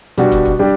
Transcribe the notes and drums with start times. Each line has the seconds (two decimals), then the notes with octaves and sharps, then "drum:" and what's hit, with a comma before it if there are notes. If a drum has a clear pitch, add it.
0.18 B2 G3 D4 F#4, drum: hi-hat
0.32 drum: kick, hi-hat
0.45 drum: kick
0.59 G3 D4 G4